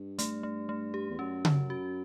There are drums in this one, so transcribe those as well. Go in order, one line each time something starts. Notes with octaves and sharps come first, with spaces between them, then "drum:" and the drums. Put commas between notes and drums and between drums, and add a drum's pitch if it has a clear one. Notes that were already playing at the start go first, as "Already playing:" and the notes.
Already playing: G2
A3, drum: hi-hat
A3
A3
G4
E2
F#2 C#4
C#4, drum: tom C#3
F#4